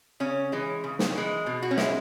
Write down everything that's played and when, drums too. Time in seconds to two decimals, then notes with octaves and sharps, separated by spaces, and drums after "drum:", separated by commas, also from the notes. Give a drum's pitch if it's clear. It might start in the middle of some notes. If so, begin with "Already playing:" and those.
0.20 C#3 C#4
0.52 E3 G#3
0.84 C#3
0.99 drum: snare
1.15 E3 G#3
1.46 B2
1.62 F#4
1.71 C#4
1.77 G#3 E4, drum: snare